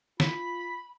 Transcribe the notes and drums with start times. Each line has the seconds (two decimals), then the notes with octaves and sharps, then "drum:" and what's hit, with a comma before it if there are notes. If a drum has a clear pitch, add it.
0.20 F4 B5 B6, drum: snare